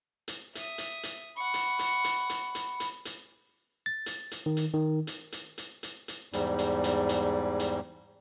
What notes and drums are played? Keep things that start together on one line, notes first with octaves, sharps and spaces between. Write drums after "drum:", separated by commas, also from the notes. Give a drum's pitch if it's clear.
drum: hi-hat
E5 D#6, drum: hi-hat
drum: hi-hat
drum: hi-hat
F#5 B5 C#6
drum: hi-hat
drum: hi-hat
drum: hi-hat
drum: hi-hat
drum: hi-hat
drum: hi-hat
drum: hi-hat
A6
drum: hi-hat
drum: hi-hat
D#3
drum: hi-hat
D#3
drum: hi-hat
drum: hi-hat
drum: hi-hat
drum: hi-hat
drum: hi-hat
E2 G#2 G3, drum: hi-hat
drum: hi-hat
drum: hi-hat
drum: hi-hat
drum: hi-hat